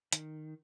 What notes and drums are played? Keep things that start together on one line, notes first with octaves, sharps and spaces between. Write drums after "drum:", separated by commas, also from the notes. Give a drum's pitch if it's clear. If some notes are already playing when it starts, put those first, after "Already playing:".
D#3, drum: hi-hat